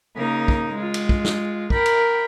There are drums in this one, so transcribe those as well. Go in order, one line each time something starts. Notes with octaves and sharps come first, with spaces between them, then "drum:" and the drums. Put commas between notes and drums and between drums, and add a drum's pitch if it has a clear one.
C#3 A#3 D#4 A#4
drum: kick
G#3 F4
drum: cymbal
drum: kick
drum: snare
A#4 G5 B5, drum: kick
drum: cymbal